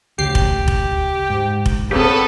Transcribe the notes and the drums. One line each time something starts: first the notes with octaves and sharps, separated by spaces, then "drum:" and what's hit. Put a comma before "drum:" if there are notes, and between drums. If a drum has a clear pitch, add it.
D2 C#3 G4 C7
drum: kick F1
drum: kick F1
G#2
drum: kick F1
C#3 B3 C4 G4 A4 B4